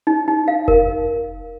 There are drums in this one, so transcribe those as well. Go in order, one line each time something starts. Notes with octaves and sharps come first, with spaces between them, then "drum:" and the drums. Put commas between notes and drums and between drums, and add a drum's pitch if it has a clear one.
D#4
D#4
F5
A#4, drum: kick F1